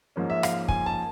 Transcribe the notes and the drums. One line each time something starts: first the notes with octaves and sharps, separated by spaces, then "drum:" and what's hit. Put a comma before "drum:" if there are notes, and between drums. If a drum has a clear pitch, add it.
G#2 F3 A#3 C#4
E5
F5, drum: rim click
G#5, drum: kick
A5